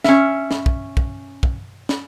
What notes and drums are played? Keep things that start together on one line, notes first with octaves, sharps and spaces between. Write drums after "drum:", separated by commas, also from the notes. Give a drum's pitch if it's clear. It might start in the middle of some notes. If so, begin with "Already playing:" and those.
C#4 E5, drum: snare
drum: snare
drum: kick
drum: kick
drum: kick
drum: snare